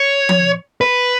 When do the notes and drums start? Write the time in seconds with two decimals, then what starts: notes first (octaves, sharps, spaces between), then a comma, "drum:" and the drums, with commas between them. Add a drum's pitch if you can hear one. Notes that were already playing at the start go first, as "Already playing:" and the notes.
Already playing: C#5
0.29 drum: tom F3
0.81 B4